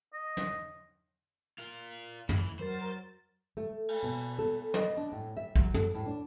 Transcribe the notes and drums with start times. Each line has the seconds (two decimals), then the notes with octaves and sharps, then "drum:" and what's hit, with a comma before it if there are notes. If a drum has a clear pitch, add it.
0.13 D#5
0.37 drum: tom
1.58 F4 A#4
2.29 E3, drum: tom
2.59 F#3 A#4 C5 A6
3.57 A3
3.88 drum: cymbal
4.03 B2
4.39 A4
4.74 D#5, drum: tom
4.97 D4
5.12 A2
5.37 E5
5.56 F#3, drum: kick
5.74 A4, drum: tom
5.95 A2
6.06 D4